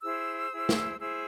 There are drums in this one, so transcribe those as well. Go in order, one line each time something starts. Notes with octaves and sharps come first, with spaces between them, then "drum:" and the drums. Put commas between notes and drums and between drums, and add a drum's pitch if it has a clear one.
E4 G#4 C5 E6
E4 G#4 C5
drum: snare
E4 G#4 C5 E6